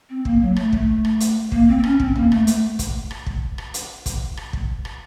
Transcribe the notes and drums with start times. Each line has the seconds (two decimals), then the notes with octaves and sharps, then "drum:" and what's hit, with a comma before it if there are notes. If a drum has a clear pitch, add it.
0.10 C4
0.25 A#3, drum: kick
0.41 F#3
0.56 A3, drum: rim click
0.73 A3, drum: kick
1.05 drum: rim click
1.20 drum: hi-hat
1.52 A#3, drum: kick
1.68 C4
1.79 C4
1.84 C#4, drum: rim click
2.00 C4, drum: kick
2.16 A#3, drum: tom D2
2.32 A3, drum: rim click
2.47 A3, drum: hi-hat
2.79 drum: kick, hi-hat
3.11 drum: rim click
3.26 drum: kick
3.58 drum: rim click
3.74 drum: hi-hat
4.06 drum: kick, hi-hat
4.37 drum: rim click
4.53 drum: kick
4.85 drum: rim click